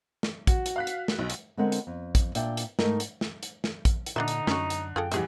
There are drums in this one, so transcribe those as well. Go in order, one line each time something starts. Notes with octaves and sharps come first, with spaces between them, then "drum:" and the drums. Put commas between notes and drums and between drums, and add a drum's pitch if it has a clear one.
drum: snare
F#4, drum: kick, hi-hat
drum: hi-hat
F5 F#6 B6
drum: hi-hat
drum: snare
B1
drum: hi-hat
D3 G#3 B3 C4 A#4 F#5
drum: hi-hat
F2
drum: kick, hi-hat
A#2 D4 D5 E5 G5, drum: hi-hat
drum: hi-hat
G#2 A3 D#4 A#4, drum: snare
drum: hi-hat
drum: snare
drum: hi-hat
drum: snare
drum: kick, hi-hat
drum: hi-hat
A#2 D3 D4 D#4 D5 E5
drum: hi-hat
F#2 C#4 F#4, drum: snare
drum: hi-hat
F#2 F4 G#4 A4 G5
A1 G2 E3 F#3 G#4 E5, drum: hi-hat